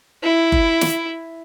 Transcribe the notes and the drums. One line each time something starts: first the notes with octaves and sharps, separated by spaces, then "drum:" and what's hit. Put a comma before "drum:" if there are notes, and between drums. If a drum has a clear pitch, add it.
E4
drum: kick F#1
drum: snare